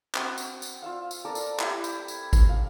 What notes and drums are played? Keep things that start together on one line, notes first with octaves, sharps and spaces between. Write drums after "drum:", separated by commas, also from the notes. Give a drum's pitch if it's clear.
C4 F#4, drum: clap
drum: tambourine
drum: tambourine
F4 E5 F5
drum: tambourine
A4 A#4 D5 D6
drum: tambourine
E4 G4, drum: clap
drum: tambourine
drum: tambourine
drum: kick, tambourine
F5